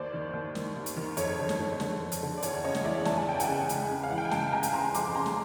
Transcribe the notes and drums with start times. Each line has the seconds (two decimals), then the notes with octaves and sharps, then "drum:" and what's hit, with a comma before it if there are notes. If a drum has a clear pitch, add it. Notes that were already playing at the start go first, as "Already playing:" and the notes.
Already playing: D#2 C5 D5
0.13 D#3
0.33 D#2
0.55 D#3, drum: snare
0.76 D#2
0.86 drum: hi-hat
0.97 D#3
1.17 F2 C#5, drum: hi-hat
1.39 D3
1.49 drum: snare
1.59 F2
1.80 D3, drum: snare
2.01 F2
2.12 drum: hi-hat
2.23 D3
2.37 D5
2.43 E2 C#5, drum: hi-hat
2.64 C#3 C#5 D#5
2.75 drum: snare
2.84 E3 D5 E5
3.05 E2 A5, drum: snare
3.17 G#5
3.26 E2 G5
3.40 F#5 G#5, drum: hi-hat
3.47 C#3
3.69 C#2, drum: hi-hat
3.90 C#3
4.03 F5
4.10 E3 F#5
4.18 G5
4.25 G#5
4.31 C#2 G5 A5, drum: snare
4.52 C#2 G#5 A#5
4.63 drum: hi-hat
4.73 C#3 A#5 C6
4.94 F2 C6 D6, drum: hi-hat
5.15 C#3 A#5 C6
5.26 drum: snare